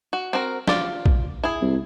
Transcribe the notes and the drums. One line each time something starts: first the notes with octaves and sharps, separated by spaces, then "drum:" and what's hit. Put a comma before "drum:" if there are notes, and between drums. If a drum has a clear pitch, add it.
F#4
C4 F#4 A#4
F4 D5, drum: snare
drum: kick A#1
E4 G#4
C2